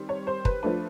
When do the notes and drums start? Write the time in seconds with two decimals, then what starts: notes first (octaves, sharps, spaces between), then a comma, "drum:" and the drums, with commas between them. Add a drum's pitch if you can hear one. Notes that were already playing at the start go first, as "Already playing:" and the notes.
Already playing: D#3 G3 C4
0.09 C#5
0.27 C5
0.45 B4, drum: kick
0.63 F3 A3 D4 B4